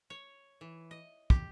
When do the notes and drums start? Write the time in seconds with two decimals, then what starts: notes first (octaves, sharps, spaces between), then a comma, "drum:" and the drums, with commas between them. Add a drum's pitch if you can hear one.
0.10 C#5
0.61 E3
0.91 D#5
1.30 G4, drum: kick